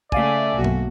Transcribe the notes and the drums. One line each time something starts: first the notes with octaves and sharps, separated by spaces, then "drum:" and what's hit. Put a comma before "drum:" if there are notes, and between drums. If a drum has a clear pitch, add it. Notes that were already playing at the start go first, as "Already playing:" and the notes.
C#3 A3 D5 E5 F5 G#5, drum: kick
B1 A#3 F#4
drum: tom G2